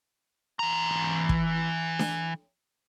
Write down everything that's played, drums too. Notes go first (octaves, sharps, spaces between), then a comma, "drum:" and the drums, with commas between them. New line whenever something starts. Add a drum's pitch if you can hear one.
E3 A#5
drum: kick
drum: snare D4